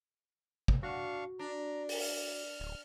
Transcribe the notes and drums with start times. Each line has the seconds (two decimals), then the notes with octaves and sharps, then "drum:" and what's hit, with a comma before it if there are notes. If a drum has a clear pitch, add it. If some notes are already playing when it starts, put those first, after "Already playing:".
0.68 drum: kick
0.83 D4 F#4 F5 C#6
1.39 D4 A#5
1.89 drum: open hi-hat
2.01 F6
2.60 D1